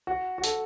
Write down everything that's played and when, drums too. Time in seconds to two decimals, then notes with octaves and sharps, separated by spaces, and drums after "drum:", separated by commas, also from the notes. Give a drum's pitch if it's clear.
0.07 F#4
0.38 F#4
0.44 A4, drum: hi-hat